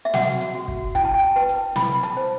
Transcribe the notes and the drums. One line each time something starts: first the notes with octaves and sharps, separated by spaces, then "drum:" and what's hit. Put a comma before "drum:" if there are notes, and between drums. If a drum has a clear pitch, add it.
E5
F#4 F#5, drum: snare
drum: hi-hat
F#4
drum: kick
E4 G5, drum: kick, hi-hat
A5
G5
B4 A5
drum: hi-hat
E4 B5, drum: snare
A5, drum: hi-hat
C5